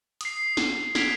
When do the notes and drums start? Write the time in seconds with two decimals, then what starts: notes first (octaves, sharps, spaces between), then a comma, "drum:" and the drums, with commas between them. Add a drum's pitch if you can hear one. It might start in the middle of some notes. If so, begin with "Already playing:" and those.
0.21 D#6 C7, drum: hi-hat
0.57 drum: snare
0.95 G#6 B6 D7 F7 G7, drum: snare